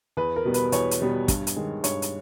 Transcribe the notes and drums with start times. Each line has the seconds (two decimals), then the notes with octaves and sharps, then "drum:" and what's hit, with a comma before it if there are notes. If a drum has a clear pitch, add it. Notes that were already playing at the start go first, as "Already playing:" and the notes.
0.17 E2 B4
0.36 A#4
0.45 B2 G3 B3
0.54 B4, drum: hi-hat
0.72 E2 C#5, drum: hi-hat
0.91 drum: hi-hat
1.01 B2 G3 B3
1.28 G2, drum: kick, hi-hat
1.47 drum: hi-hat
1.56 D#3 G#3
1.84 G2 C#5, drum: hi-hat
2.02 drum: hi-hat